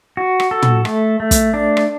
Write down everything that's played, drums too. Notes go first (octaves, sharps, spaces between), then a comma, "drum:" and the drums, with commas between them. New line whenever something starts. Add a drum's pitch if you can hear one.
F#4
drum: rim click
A4
drum: tom
A3, drum: rim click
A3
drum: kick, hi-hat
D4
drum: rim click